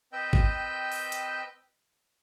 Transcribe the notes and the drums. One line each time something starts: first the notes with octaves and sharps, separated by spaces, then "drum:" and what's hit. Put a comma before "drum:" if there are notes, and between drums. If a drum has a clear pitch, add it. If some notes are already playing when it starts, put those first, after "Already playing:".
C4 B4 D#5 G5 E6 G6
drum: kick
drum: open hi-hat
drum: hi-hat